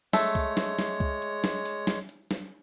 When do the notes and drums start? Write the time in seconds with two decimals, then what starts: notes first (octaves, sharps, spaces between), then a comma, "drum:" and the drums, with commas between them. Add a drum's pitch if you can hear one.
0.13 G#3 A3 C#5, drum: snare
0.35 drum: kick C2, hi-hat
0.57 drum: snare
0.79 drum: snare
1.00 drum: kick C2
1.22 drum: hi-hat
1.44 drum: snare
1.65 drum: open hi-hat
1.87 drum: snare
2.09 drum: hi-hat
2.31 drum: snare